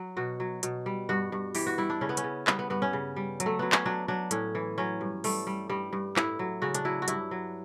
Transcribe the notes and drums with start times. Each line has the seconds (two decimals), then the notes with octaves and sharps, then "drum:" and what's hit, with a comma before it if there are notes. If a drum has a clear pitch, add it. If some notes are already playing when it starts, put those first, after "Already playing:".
Already playing: F#3
0.17 B2 F#4
0.40 F#3
0.63 B2, drum: hi-hat
0.86 G3
1.09 G2 F#4
1.32 G2
1.55 E3 G4, drum: open hi-hat
1.67 F#4
1.78 G3 E4
1.90 D4
2.01 C#3 C#4
2.09 B3
2.17 C#4, drum: hi-hat
2.24 C#3
2.47 G3 B3, drum: clap
2.59 B3
2.70 G2 B3
2.82 C#4
2.93 C#3
3.16 G3
3.40 F#3, drum: hi-hat
3.46 A3
3.59 F#3 B3
3.72 C#4, drum: clap
3.85 F#3 D4
4.08 F#3 D4
4.31 A2 C#4, drum: hi-hat
4.55 E3
4.78 F#3 C#4
5.01 G2
5.24 G3 A3, drum: open hi-hat
5.47 G3
5.70 G2 G3
5.93 G2
6.16 A2 E4, drum: clap
6.39 F#3
6.62 C#3 F#4
6.75 D4, drum: hi-hat
6.85 F#3 E4
7.02 F#4
7.08 G2 E4, drum: hi-hat
7.31 F#3